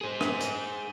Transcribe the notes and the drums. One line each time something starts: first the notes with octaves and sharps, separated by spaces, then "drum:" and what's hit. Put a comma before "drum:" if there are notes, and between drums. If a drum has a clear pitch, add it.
G#4 C5
drum: rim click
drum: hi-hat